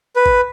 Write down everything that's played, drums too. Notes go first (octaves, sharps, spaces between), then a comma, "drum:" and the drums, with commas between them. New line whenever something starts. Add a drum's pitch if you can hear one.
B4
drum: kick G#1